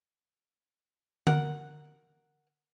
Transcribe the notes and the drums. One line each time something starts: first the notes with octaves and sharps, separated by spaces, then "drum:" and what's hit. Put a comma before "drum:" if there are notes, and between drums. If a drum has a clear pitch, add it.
A#4 F#5, drum: tom D3